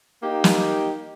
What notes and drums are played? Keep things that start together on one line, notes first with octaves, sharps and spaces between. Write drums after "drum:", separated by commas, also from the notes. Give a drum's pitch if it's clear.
A#3 D#4 G4
drum: snare